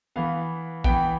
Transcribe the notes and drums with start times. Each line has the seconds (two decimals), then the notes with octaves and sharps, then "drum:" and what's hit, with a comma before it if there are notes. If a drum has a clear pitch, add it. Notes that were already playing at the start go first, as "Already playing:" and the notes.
0.16 E3 B3 F5
0.84 E3 B3 G5, drum: kick